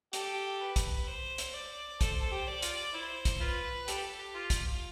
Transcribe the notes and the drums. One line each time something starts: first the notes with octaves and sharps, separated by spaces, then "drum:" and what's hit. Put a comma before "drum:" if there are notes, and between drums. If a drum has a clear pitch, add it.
G4 A4, drum: hi-hat
B4
drum: kick, hi-hat
C5
drum: hi-hat
D5
A4 C5, drum: kick, hi-hat
A4
G4
D5
F4, drum: hi-hat
E4 C5
drum: kick, hi-hat
F4 B4
G4 A4, drum: hi-hat
G4
F4
F4, drum: kick, hi-hat